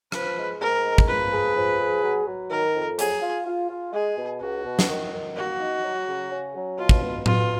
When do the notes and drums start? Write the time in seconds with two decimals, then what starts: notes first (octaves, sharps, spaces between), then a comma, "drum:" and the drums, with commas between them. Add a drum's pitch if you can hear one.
0.12 F3 B4, drum: rim click
0.37 G#3
0.61 G#2 A#4
0.84 G#3
0.98 drum: kick
1.08 F3 B4
1.32 G#4
1.56 F3
1.79 G#4
2.03 F#3
2.27 F#3
2.50 D#3 A#4
2.74 F2
2.99 F#3 G#4, drum: hi-hat
3.21 F4
3.46 F4
3.69 F4
3.93 G#3 G#4
4.18 B2
4.41 C#2 F#4
4.64 B2
4.79 drum: snare
4.88 D#3
5.12 D#3
5.36 A#3 F#4
5.59 D#4
5.83 F#3
6.08 C#3
6.31 C#4
6.55 F#3
6.78 B2 F4
6.89 drum: kick
7.02 B2
7.26 B2 F4, drum: tom A2